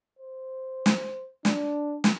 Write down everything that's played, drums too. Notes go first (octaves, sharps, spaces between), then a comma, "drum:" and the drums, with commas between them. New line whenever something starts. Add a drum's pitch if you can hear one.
C5
drum: snare
D4, drum: snare
drum: snare